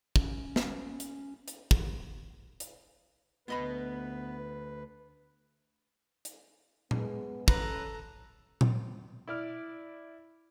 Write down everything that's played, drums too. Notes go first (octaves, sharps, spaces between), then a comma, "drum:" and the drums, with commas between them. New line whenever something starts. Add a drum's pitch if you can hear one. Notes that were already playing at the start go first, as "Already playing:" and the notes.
C#4, drum: kick
drum: snare
drum: hi-hat
drum: hi-hat
drum: kick
drum: hi-hat
D2 B3 B4 D#5 B5
drum: hi-hat
G#3 B3, drum: tom A#2
E3 C#4 A4 B4 A#5, drum: kick
drum: tom A#2
E4 D5 F6